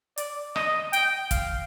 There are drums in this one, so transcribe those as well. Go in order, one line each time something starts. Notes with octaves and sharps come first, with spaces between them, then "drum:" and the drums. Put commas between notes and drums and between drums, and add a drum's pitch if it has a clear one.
D5, drum: hi-hat
D#5, drum: rim click
G5, drum: hi-hat
F5, drum: kick, hi-hat